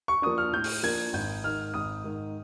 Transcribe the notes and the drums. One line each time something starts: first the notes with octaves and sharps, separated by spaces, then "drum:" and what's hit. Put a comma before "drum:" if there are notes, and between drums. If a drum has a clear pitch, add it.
C#6
F3 A#3 D4 D#6
F6
A2 G6
drum: open hi-hat
F3 A#3 D4 G#6
G#1 G6
G#2 D#3 F6
G#1 D#6
G#2 D#3